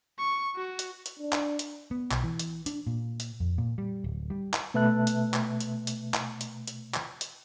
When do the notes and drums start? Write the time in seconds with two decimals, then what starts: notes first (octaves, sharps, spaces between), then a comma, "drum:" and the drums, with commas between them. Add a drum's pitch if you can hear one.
0.19 C#6
0.56 F#4
0.79 drum: hi-hat
1.06 drum: hi-hat
1.19 D4
1.32 drum: clap
1.59 drum: hi-hat
1.91 B3
2.11 B1, drum: clap
2.24 E3
2.40 drum: hi-hat
2.66 D4, drum: hi-hat
2.87 A#2
3.20 drum: hi-hat
3.40 F2
3.58 A#2
3.78 G3
4.04 D1
4.30 G3
4.54 drum: clap
4.74 B2 A3 B4 E5 A5 F#6
5.07 drum: hi-hat
5.34 drum: clap
5.61 drum: hi-hat
5.87 drum: hi-hat
6.14 drum: clap
6.41 drum: hi-hat
6.68 drum: hi-hat
6.94 drum: clap
7.21 drum: hi-hat